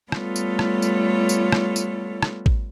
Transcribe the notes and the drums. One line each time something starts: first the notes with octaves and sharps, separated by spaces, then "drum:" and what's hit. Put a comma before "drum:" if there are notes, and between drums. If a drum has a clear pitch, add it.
G3 A3 B3 F4 A4 C#5, drum: rim click
drum: tambourine
drum: rim click
drum: tambourine
drum: tambourine
drum: rim click
drum: tambourine
drum: rim click
drum: kick